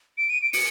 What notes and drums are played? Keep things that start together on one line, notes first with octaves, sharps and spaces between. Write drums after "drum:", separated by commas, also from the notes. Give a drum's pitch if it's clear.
D7
D#7
D7
C#7, drum: open hi-hat